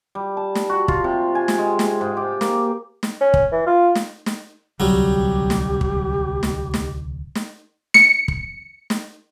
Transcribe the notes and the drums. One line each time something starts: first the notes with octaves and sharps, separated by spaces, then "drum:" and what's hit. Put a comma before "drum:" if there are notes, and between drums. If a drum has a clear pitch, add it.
G3
A5
drum: snare
F#4
F4, drum: kick
C3
G#5
drum: snare
G#3
drum: snare
G#2
G4
A#3, drum: snare
drum: snare
C#4
drum: kick
E3
F4
drum: snare
drum: snare
D1 C2 F#3 G3 G4
drum: snare
drum: kick
drum: snare
drum: snare
drum: snare
C#7, drum: snare
drum: kick
drum: snare